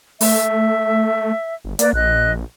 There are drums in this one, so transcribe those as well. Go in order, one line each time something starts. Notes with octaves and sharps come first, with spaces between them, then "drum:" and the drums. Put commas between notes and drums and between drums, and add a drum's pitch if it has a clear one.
A3 E5, drum: open hi-hat
G1
A#3 B4 D5, drum: hi-hat
A#1 D#5 F#6